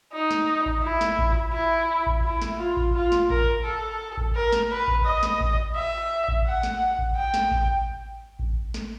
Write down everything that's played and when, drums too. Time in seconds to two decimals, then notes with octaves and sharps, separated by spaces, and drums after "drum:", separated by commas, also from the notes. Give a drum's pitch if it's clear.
0.13 D#4
0.31 drum: snare
0.66 drum: kick A1
0.83 E4
1.01 drum: snare
1.19 drum: kick A1
1.53 E4
2.06 drum: kick A1
2.24 E4
2.42 drum: snare
2.59 F4
2.77 drum: kick A1
2.95 F4
3.12 drum: snare
3.30 A#4, drum: kick A1
3.64 A4
4.17 drum: kick A1
4.35 A#4
4.52 drum: snare
4.70 B4
4.88 drum: kick A1
5.05 D#5
5.23 drum: snare
5.40 drum: kick A1
5.76 E5
6.28 drum: kick A1
6.46 F#5
6.63 drum: snare
6.99 drum: kick A1
7.16 G5
7.34 drum: snare
7.51 drum: kick A1
8.39 drum: kick A1
8.74 drum: snare